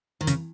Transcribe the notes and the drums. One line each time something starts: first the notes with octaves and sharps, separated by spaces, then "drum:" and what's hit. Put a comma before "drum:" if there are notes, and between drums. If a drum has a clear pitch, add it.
D#3
C#3, drum: hi-hat